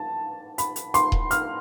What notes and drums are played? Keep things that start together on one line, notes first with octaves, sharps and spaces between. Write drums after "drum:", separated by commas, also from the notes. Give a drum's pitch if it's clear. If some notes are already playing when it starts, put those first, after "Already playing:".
Already playing: A5
B5, drum: hi-hat
drum: hi-hat
C6, drum: hi-hat
drum: kick D#1
F6, drum: hi-hat